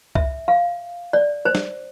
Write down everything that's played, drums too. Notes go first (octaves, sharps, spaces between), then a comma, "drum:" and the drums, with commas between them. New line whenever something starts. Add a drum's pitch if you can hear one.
E5, drum: kick C2
F5
D5
C5
drum: snare